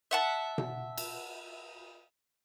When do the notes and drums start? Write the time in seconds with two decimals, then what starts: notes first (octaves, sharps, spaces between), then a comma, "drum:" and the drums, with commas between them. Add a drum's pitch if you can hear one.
0.11 E5 F#5 A5
0.58 drum: tom B2
0.98 drum: cymbal